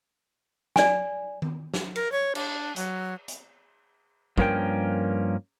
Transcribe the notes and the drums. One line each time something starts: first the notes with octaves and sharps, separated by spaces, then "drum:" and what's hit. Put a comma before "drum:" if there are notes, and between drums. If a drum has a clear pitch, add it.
D5 G#5, drum: snare
drum: tom D#3
drum: snare
A#4, drum: cymbal
C#5
D4, drum: cymbal
F#3, drum: hi-hat
drum: hi-hat
G2 F3 A#3 C#4 A#4 G5, drum: kick